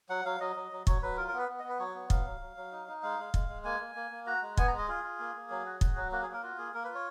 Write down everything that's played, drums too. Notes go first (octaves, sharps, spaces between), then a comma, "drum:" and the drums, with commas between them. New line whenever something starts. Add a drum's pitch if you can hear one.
F#3 F#5
F#3 F5
F#3 D#5
F#3
F#3
F#3 C#5, drum: kick
F#3 B4
F4 A#4
A#4
B3
B4
B3
D#5
B3
B4
F#3 C#5
B3
F#3 F5, drum: kick
F#3
F#3
F#3
D#4
D#4
G#3 F5
G#3
G#3, drum: kick
G#3
A#3 G#5
A#3
A#3
A#3
F#4 A#5
G#3
B3 G#5, drum: kick
A#5
G#3
D#5
F4 G#4
F4
A#3
A#3
F#3
F#4
F#4, drum: kick
F#3
A#3 F#4
G#4
A#3
A#4
F4 F#4
A#3 G#4
A#3 A#4
B4
F4
C#5